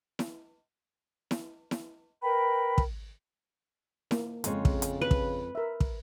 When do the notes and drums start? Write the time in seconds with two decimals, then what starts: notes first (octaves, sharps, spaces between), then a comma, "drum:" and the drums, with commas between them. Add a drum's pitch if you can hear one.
0.19 drum: snare E4
1.31 drum: snare E4
1.71 drum: snare E4
2.22 A#4 B4 G5 B5
2.78 drum: kick
4.11 A#3, drum: snare E4
4.44 F2 C#3 G#3 C#5, drum: hi-hat
4.65 drum: kick
4.82 drum: hi-hat
5.02 B4
5.11 drum: kick
5.55 A#4 E5
5.80 drum: kick